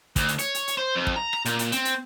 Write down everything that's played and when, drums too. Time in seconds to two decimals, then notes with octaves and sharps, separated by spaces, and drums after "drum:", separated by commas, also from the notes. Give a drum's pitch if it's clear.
0.16 D2, drum: kick, hi-hat
0.28 drum: hi-hat
0.39 C#5, drum: hi-hat
0.54 drum: hi-hat
0.68 drum: hi-hat
0.77 C5
0.95 F2
1.07 drum: kick
1.16 A#5
1.33 drum: rim click
1.45 A#2, drum: hi-hat
1.59 drum: hi-hat
1.72 C4, drum: hi-hat
1.85 drum: hi-hat